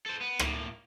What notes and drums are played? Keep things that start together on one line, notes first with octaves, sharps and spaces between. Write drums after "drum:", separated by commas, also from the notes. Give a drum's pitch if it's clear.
A4 C5
B3
A2 A#3, drum: rim click